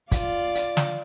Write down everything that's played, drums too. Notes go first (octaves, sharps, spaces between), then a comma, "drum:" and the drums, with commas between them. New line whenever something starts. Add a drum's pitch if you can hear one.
F4 D5, drum: kick, hi-hat
drum: hi-hat
drum: snare